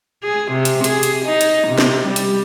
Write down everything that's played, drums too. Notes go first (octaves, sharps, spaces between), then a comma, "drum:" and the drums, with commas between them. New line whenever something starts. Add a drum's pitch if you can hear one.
G#4
C3
drum: hi-hat
G#4, drum: hi-hat
drum: hi-hat
D#4
drum: hi-hat
C3
drum: snare
G3
drum: hi-hat